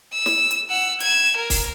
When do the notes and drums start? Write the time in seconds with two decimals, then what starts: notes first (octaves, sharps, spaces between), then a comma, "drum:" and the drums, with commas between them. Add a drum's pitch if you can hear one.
0.13 E6
0.26 drum: snare
0.51 drum: hi-hat
0.70 F#5 E6
1.00 G#6 E7, drum: hi-hat
1.36 A#4
1.50 drum: kick C#1, open hi-hat